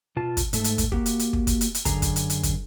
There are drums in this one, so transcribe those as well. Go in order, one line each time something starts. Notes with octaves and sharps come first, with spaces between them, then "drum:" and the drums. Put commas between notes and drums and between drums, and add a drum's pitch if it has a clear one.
B2 F4 A5
drum: kick, hi-hat
G#2 A3 A4, drum: hi-hat
drum: hi-hat
drum: kick, hi-hat
A#3 F#4 G4, drum: kick
drum: hi-hat
drum: hi-hat
drum: kick
drum: kick, hi-hat
drum: hi-hat
drum: hi-hat
F#2 D3 G#4 A#5, drum: kick, hi-hat
drum: kick, hi-hat
drum: hi-hat
drum: hi-hat
drum: kick, hi-hat